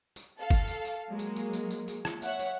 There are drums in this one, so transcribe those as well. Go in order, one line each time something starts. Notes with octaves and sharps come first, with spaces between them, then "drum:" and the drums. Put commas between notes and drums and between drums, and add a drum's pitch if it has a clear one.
drum: tambourine
A4 F5
drum: kick G1, tambourine
drum: tambourine
drum: tambourine
F#3 G#3 A#3
drum: tambourine
drum: tambourine
drum: tambourine
drum: tambourine
drum: tambourine
drum: rim click
C#5 E5 F#5, drum: tambourine
drum: tambourine